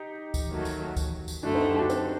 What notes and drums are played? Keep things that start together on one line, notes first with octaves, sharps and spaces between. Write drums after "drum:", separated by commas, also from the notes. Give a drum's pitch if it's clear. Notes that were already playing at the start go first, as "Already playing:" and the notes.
Already playing: D#4 G4
drum: kick D2, tambourine
D#2 D#3 F#3 A3
drum: tambourine
drum: kick D2, tambourine
drum: tambourine
F#2 D3 A3 D4 F#4
C4 D#4
D#4 G4
D4 F#4
C4 D#4, drum: tambourine